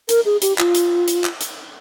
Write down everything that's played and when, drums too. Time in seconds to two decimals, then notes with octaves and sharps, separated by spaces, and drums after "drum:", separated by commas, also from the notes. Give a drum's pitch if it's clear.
0.09 A#4, drum: hi-hat
0.25 G#4
0.42 G4, drum: hi-hat
0.58 F4, drum: clap
0.75 drum: hi-hat
1.08 drum: hi-hat
1.24 drum: clap
1.41 drum: hi-hat